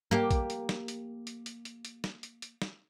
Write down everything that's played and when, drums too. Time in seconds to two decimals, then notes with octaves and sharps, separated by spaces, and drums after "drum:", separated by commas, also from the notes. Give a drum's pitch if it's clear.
0.11 A#3 G4
0.31 drum: kick, hi-hat
0.50 drum: hi-hat
0.69 drum: snare
0.88 drum: hi-hat
1.27 drum: hi-hat
1.46 drum: hi-hat
1.65 drum: hi-hat
1.85 drum: hi-hat
2.04 drum: snare
2.23 drum: hi-hat
2.42 drum: hi-hat
2.62 drum: snare